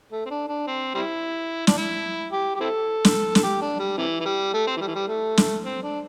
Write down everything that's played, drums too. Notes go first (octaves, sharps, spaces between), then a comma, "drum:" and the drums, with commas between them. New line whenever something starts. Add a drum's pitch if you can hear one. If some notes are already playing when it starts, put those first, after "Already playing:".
A3
C4
D4
D4
C4
G3 C4 E4
D4, drum: snare
E4
G4
G4
C4 E4 A4
drum: snare
A4, drum: snare
G4
D4
G3
C3 E3
E3
G3
A3
C4
E3
G3
E3
G3
A3
drum: snare
C4
D4